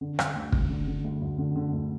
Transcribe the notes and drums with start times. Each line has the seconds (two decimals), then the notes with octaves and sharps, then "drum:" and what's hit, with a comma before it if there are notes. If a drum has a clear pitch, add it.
0.01 D3
0.19 D3, drum: rim click
0.36 D2
0.52 D2, drum: kick
0.70 D3
0.87 D3
1.04 D2
1.21 D2
1.38 D3
1.56 D3
1.73 D2